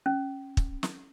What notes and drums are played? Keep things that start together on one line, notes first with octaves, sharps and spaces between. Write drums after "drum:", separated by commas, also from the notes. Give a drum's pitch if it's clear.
C#4
drum: kick
drum: snare